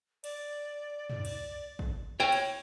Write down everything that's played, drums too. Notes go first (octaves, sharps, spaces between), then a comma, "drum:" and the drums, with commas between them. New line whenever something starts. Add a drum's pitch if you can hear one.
D5, drum: cymbal
drum: tom
drum: cymbal
drum: kick
C#5 G5
drum: cymbal